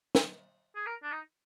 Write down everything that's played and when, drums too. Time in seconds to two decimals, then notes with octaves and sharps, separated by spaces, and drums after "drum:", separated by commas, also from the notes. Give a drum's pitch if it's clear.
0.15 drum: snare
0.76 G#4
0.87 A#4
1.03 D4
1.12 D#4